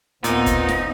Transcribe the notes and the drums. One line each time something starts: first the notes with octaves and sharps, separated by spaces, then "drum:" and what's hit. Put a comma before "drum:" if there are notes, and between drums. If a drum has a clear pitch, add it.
D#2 A#2 B3 C4 D#4, drum: hi-hat
drum: kick, hi-hat
drum: snare